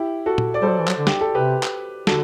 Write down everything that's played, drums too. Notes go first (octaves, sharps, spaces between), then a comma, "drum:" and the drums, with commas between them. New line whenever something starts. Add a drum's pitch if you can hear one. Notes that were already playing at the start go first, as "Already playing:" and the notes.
Already playing: E4 G4
F#4 A4
drum: tom A#2
D5
G3 A4 C5
F#3
E3
F#3, drum: clap
D3
G4, drum: snare
A4
C3 G4 B4
drum: clap
D3 F#4 A4, drum: snare